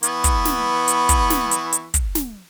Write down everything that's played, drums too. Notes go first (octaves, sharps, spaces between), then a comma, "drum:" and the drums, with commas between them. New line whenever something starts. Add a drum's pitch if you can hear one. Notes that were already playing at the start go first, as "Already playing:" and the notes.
E3 B3 C#6, drum: hi-hat
drum: kick, hi-hat
drum: snare
drum: hi-hat
drum: kick, hi-hat
drum: snare
drum: hi-hat
drum: hi-hat
drum: kick, hi-hat
drum: snare